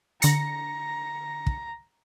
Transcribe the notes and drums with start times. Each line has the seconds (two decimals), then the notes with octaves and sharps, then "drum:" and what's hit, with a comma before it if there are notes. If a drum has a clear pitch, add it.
0.22 D3 A#5 A#6 C#7, drum: hi-hat
1.47 drum: kick